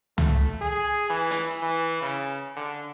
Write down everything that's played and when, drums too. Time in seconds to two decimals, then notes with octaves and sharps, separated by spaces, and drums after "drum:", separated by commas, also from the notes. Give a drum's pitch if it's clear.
0.18 A3, drum: tom
0.62 G#4
1.10 E3
1.30 drum: hi-hat
1.62 E3
2.02 C#3
2.56 D3